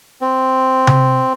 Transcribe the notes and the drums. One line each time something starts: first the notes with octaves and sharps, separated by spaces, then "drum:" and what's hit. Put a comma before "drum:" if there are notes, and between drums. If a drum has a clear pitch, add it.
C4
drum: tom C3